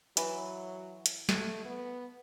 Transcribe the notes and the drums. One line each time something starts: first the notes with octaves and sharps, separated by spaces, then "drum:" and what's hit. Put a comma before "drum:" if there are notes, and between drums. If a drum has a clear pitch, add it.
E3 F#3, drum: hi-hat
drum: hi-hat
A3, drum: snare
B3